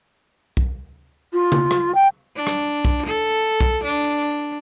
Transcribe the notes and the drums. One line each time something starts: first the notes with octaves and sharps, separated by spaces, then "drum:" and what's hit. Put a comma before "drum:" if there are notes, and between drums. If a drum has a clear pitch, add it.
drum: kick B1
F4
drum: tom C#3
drum: rim click
G5
D4
drum: rim click
drum: kick B1
A4
drum: kick B1
D4